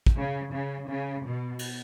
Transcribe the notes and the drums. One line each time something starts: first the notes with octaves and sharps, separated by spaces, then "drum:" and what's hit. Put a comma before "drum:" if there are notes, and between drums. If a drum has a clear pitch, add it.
drum: kick
C#3
C#3
C#3
B2
drum: cymbal